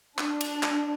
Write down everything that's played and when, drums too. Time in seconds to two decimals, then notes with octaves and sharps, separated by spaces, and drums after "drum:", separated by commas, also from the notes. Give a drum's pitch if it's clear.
0.18 D4, drum: clap
0.41 drum: cymbal
0.63 drum: clap